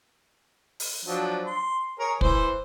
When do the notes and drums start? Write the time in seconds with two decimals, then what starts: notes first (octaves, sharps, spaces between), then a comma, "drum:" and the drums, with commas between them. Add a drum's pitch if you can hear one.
0.80 drum: open hi-hat
1.05 F3 F#3 D4
1.46 C6
1.99 G#4 A#4 C#5
2.21 E3 C5, drum: kick